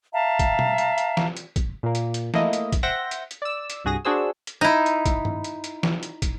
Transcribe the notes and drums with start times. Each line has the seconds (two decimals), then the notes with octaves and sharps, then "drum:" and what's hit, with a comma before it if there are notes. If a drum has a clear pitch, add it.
0.12 E5 F5 A5 A#5
0.39 drum: kick, hi-hat
0.59 drum: tom B2
0.78 drum: hi-hat
0.98 drum: hi-hat
1.17 drum: snare
1.37 drum: hi-hat
1.56 drum: kick, hi-hat
1.83 A#2 A#3
1.95 drum: hi-hat
2.14 drum: hi-hat
2.34 A3 A#3 E4 D#5, drum: snare
2.53 drum: hi-hat
2.72 drum: kick, hi-hat
2.83 C5 E5 F#5 G5 G6 A#6
3.11 drum: hi-hat
3.31 drum: hi-hat
3.42 D5 E6
3.70 drum: hi-hat
3.85 C2 G2 F#4 G#4 D#6 A#6
4.05 D4 F#4 G#4 C5 E6
4.47 drum: hi-hat
4.61 D#4 E4
4.86 drum: hi-hat
5.06 drum: kick, hi-hat
5.25 drum: tom G2
5.44 drum: hi-hat
5.64 drum: hi-hat
5.83 drum: snare
6.03 drum: hi-hat
6.22 drum: kick, hi-hat